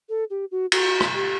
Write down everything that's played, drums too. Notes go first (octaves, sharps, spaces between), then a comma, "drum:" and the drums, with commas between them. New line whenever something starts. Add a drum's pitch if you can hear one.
A4
G4
F#4
F#4, drum: cymbal
drum: rim click
G4